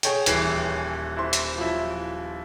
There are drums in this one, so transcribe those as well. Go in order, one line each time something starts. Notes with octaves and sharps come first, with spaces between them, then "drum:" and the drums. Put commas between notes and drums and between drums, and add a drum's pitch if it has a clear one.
G#4 C#5 G5, drum: hi-hat
D#1 E3 C7, drum: hi-hat
E4 C5 C6
drum: hi-hat
F3 F#3 E4